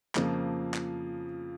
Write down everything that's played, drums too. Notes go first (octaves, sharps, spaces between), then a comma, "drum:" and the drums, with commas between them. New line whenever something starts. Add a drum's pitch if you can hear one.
F2 C#3 F3 A#3, drum: clap
drum: clap